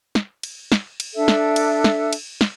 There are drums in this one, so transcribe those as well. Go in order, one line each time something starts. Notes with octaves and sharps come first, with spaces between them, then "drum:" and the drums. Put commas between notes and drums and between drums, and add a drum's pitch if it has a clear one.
drum: snare
drum: cymbal
drum: snare
drum: cymbal
D4 A4 E5
drum: snare
drum: cymbal
drum: snare
drum: cymbal
drum: snare